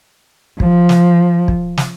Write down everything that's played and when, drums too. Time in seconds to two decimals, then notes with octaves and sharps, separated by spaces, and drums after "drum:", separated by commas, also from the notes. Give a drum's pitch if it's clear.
0.60 F3, drum: kick
0.89 drum: snare
1.48 drum: kick
1.78 drum: snare